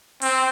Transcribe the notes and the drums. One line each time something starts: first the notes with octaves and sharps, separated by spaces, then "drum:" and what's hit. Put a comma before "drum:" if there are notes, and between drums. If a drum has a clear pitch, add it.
C4, drum: open hi-hat